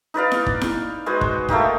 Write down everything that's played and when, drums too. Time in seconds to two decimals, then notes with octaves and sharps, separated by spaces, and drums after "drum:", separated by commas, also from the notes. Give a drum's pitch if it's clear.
0.14 D#4 B4 D5 F5
0.32 drum: snare E4
0.46 drum: kick
0.61 drum: snare E4
1.06 G#3 F#4 B4 C5
1.21 drum: kick
1.49 A3 A#3 D#4 G4, drum: kick